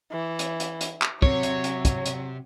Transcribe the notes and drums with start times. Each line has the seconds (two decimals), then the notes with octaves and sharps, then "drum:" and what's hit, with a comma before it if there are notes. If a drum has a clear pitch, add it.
0.12 E3
0.39 drum: hi-hat
0.60 drum: hi-hat
0.81 drum: hi-hat
1.02 drum: clap
1.22 C3 F#3 C#5, drum: kick
1.43 drum: hi-hat
1.64 drum: hi-hat
1.85 drum: kick, hi-hat
2.06 drum: hi-hat